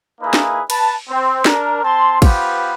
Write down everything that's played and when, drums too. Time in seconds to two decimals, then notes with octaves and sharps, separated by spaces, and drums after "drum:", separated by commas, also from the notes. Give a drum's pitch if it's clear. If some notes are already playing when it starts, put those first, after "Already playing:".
0.21 A#3 D#4 E4 G#4 B4
0.34 drum: snare
0.70 B4 A5, drum: cymbal
1.10 C4
1.45 D4 A#4, drum: snare
1.83 C4 A5 C6
2.22 B3 F4 G4 B4 C5, drum: kick, cymbal